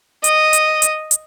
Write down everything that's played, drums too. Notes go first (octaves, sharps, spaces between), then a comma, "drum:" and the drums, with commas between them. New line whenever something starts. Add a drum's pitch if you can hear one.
D#5, drum: hi-hat
drum: hi-hat
drum: hi-hat
drum: hi-hat